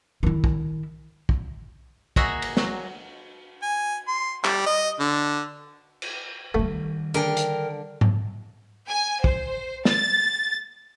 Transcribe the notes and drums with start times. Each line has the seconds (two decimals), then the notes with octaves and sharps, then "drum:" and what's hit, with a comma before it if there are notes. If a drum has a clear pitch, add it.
0.23 D#3 E4
0.44 drum: kick
1.29 drum: kick
2.16 A#3 F#4 G#4 D#5 E5 A#5, drum: kick
2.42 drum: cymbal
2.57 F#3, drum: snare
3.63 G#5
4.08 C6
4.44 G3, drum: clap
4.66 D#5
5.00 D3
6.02 drum: cymbal
6.54 D#3 G3 A3
7.14 D3 A#4 G5
7.37 drum: hi-hat
8.01 drum: tom G#2
8.88 G#5
9.24 C5, drum: kick
9.85 A6, drum: snare